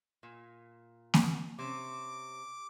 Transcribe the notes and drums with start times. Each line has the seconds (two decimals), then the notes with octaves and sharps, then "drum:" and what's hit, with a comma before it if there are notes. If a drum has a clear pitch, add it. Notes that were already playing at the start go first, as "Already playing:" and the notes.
0.23 A#2
1.14 drum: snare A#3
1.59 C3 C#4 D6